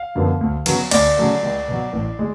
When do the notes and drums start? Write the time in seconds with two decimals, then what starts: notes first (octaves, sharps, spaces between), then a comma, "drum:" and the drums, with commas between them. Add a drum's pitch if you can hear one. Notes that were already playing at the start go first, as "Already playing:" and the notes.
Already playing: F5
0.15 F#2 D3 F3 B3
0.41 D2
0.66 C#3 F#3 B3, drum: cymbal
0.91 D2 D5, drum: cymbal
1.17 C#3 F#3 A3
1.43 C#2
1.68 B2 F#3
1.93 A1
2.19 G#3